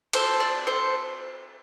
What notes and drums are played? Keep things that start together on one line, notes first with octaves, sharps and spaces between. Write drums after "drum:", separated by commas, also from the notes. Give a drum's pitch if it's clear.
A4 C5, drum: cymbal
D4
A4 C5